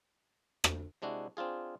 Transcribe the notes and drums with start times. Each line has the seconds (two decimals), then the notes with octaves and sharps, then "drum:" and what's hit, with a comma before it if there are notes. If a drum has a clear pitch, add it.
0.64 drum: rim click
1.02 C3 G#3 D4 E4 F#4
1.37 C4 D4 F4 G#4